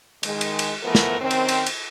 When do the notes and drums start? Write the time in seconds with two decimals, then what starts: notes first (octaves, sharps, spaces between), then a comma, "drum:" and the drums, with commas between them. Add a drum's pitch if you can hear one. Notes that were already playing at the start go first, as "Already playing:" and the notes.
0.23 D#3 G#3, drum: cymbal
0.41 drum: cymbal
0.59 drum: cymbal
0.83 E3 F3 A3 B3 A#4
0.95 drum: snare
1.21 F#2 D#3 C4
1.31 drum: cymbal
1.48 drum: cymbal
1.66 drum: cymbal